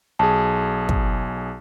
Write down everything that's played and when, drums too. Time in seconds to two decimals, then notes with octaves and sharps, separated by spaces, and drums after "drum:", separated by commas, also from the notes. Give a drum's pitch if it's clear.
0.19 B1 G#4 A5
0.89 drum: kick